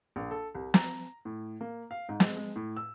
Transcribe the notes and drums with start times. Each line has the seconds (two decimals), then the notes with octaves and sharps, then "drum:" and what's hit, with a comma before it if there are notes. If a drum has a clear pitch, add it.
0.16 A#1
0.31 A4
0.55 C2
0.74 A#5, drum: snare
1.25 A2
1.61 A#3
1.91 F5
2.09 G#2
2.20 G#3, drum: snare
2.37 G#3
2.56 A2
2.77 E6